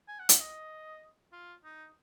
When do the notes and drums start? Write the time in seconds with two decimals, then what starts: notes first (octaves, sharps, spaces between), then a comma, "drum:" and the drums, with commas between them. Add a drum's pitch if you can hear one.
0.08 G#5
0.19 F#5
0.29 F5, drum: hi-hat
0.40 D#5
1.32 F4
1.64 D#4